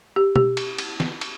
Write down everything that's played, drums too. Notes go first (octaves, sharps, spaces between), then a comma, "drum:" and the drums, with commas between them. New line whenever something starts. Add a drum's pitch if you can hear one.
G4
G4, drum: tom
drum: cymbal
drum: cymbal
drum: snare
drum: cymbal